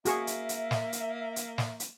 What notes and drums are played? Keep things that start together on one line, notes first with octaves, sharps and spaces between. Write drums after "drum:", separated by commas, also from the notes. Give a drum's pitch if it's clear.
A#3 F#4 G#4 E5 C#6, drum: hi-hat
drum: hi-hat
drum: hi-hat
drum: snare
drum: hi-hat
drum: hi-hat
drum: snare
drum: hi-hat